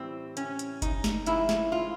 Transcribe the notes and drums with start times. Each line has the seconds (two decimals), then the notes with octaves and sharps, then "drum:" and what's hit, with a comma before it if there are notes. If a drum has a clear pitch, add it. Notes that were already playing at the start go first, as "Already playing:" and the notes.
Already playing: A2 E3 G3 C4
0.37 C#4, drum: hi-hat
0.59 drum: hi-hat
0.82 D#4, drum: kick F#1, hi-hat
1.04 drum: snare
1.26 A2 F3 G#3 E4, drum: hi-hat
1.49 drum: snare
1.72 F4